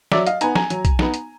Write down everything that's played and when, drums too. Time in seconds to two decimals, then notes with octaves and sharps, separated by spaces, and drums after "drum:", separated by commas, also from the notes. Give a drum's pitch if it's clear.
0.12 F#3 D5 E5, drum: snare
0.27 D#5 F5, drum: hi-hat
0.41 B3 D#4 G#5 A#5, drum: hi-hat
0.55 G#5 A#5, drum: snare
0.70 F#3, drum: hi-hat
0.85 drum: kick B1, hi-hat
0.99 B3 D#4, drum: snare
1.14 drum: hi-hat